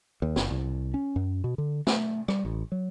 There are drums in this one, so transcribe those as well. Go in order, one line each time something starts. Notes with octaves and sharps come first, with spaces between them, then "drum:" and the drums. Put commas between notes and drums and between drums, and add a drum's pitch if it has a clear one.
D#2
F#1, drum: snare
C2
C#4
F#2
B2
D3
A3, drum: snare
G3, drum: rim click
A1
F#3